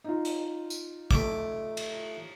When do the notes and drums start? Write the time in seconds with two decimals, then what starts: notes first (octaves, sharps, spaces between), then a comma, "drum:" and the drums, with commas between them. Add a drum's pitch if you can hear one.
0.04 D#4 F4
0.25 drum: hi-hat
0.70 drum: tambourine
1.11 A3 D6, drum: kick
1.77 drum: cymbal